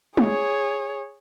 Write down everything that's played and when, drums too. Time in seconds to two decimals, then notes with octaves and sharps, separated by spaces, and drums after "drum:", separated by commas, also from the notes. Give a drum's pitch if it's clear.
0.17 G#4 C#5, drum: tom